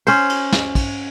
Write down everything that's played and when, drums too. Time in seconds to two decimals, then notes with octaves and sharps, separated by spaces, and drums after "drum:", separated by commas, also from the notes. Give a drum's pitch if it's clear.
0.07 C#4 C5, drum: cymbal
0.30 drum: cymbal
0.52 drum: snare
0.75 drum: kick, cymbal